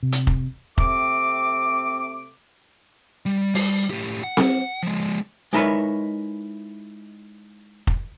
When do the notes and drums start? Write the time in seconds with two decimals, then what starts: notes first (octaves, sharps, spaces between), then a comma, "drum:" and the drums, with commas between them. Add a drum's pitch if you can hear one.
0.03 C3
0.12 drum: hi-hat
0.27 drum: kick F1
0.78 C3 A3 C4 D6, drum: kick F1
3.26 G3
3.55 G3, drum: open hi-hat
3.91 A2 G4
4.24 F#5
4.37 drum: snare C4
4.83 F3 G#3
5.53 G#3 D#4 E4 A#4 B4 C#5
7.87 drum: kick F1